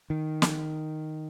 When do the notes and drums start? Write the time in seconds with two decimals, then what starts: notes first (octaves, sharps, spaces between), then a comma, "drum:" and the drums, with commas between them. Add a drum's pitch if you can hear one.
0.10 D#3
0.42 drum: snare